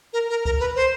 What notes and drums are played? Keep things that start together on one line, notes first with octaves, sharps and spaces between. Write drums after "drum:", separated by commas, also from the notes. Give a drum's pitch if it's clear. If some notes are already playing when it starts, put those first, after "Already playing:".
A#4
A#4
A#4, drum: kick C2
B4
C5